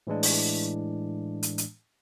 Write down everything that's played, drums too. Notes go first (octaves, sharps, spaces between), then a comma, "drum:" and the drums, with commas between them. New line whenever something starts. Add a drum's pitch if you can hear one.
A2 E3 G#3 D4
drum: open hi-hat
drum: hi-hat
drum: hi-hat